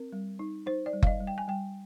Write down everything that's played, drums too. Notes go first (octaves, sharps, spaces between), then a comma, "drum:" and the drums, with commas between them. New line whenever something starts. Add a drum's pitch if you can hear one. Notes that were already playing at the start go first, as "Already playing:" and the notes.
Already playing: C4 A#4
G3
D#4
D#4 C5
D5
G3
F5, drum: kick F#1
D#5
G3
G5
G#5
G3 G5